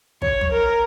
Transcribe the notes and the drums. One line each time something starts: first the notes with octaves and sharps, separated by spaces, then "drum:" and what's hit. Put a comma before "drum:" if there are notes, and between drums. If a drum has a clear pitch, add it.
C#5, drum: kick
drum: tom
A#4